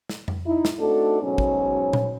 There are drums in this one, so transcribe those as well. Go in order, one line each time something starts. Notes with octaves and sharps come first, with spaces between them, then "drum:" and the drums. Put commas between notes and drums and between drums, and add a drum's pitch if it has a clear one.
drum: snare
drum: tom F2
D#4 E4
drum: snare
A3 C4 D4 D#4 F#4 A4
G#2 B2 F#3 C#4
drum: kick
drum: tom